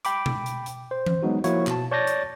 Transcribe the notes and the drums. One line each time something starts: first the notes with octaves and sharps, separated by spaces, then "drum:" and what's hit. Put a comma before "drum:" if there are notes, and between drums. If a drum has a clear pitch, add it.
G5 B5 D6, drum: hi-hat
drum: tom B2
drum: hi-hat
drum: hi-hat
C5
drum: tom E3
F#3 G#3 B3 D#4 F#4
F3 A#3 E4 F#4 C#5, drum: hi-hat
B2 A5, drum: clap
C#5 D5 A5 G6 A6 A#6
drum: hi-hat